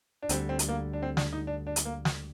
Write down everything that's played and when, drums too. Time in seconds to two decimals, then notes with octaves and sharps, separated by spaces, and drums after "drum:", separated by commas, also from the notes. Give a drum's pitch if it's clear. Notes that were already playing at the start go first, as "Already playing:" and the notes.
0.22 D4
0.29 D2 D3 G3 C4, drum: hi-hat
0.49 C4
0.59 drum: hi-hat
0.69 A#3
0.93 D4
1.02 C4
1.17 D4, drum: snare
1.33 D#4
1.47 D4
1.67 D4
1.76 drum: hi-hat
1.85 A#3
2.05 drum: snare